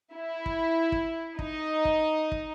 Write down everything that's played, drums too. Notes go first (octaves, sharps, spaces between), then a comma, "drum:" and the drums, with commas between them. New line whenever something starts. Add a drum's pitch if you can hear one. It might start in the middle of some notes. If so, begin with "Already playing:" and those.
E4
drum: kick
drum: kick
D#4, drum: kick
drum: kick
drum: kick